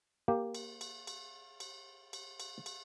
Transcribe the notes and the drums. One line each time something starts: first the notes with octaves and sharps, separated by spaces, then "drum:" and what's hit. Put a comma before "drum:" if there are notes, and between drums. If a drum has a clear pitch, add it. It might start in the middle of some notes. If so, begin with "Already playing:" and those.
A#3 G4
drum: cymbal
drum: cymbal
drum: cymbal
drum: cymbal
drum: cymbal
drum: cymbal
drum: cymbal